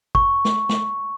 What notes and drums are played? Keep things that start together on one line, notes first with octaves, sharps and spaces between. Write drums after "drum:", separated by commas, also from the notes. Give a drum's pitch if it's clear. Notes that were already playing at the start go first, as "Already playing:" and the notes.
C#6, drum: kick
drum: snare
drum: snare